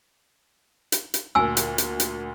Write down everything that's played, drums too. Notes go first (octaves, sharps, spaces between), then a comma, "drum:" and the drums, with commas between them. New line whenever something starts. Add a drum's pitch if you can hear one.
drum: hi-hat
drum: hi-hat
D2 A#2 G#5 E6
drum: hi-hat
drum: hi-hat
drum: hi-hat